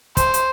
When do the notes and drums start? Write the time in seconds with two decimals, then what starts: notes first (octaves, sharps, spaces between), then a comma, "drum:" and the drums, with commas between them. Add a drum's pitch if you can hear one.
0.17 C5, drum: kick, hi-hat
0.34 drum: hi-hat